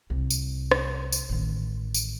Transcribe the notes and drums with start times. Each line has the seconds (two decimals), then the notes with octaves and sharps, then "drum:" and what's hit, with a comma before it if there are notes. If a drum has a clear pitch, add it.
0.10 C2
0.30 drum: tambourine
0.71 drum: rim click
1.12 drum: tambourine
1.29 A1 D#3
1.94 drum: tambourine